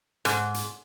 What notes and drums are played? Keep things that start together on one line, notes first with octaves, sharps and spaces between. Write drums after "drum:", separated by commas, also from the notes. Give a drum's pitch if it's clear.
G#2, drum: hi-hat
drum: hi-hat